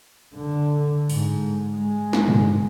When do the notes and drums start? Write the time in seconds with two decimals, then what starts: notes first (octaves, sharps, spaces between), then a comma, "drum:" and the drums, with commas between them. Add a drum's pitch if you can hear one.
0.36 D3
1.10 G#2, drum: open hi-hat
1.75 G#3
2.13 drum: snare
2.28 drum: tom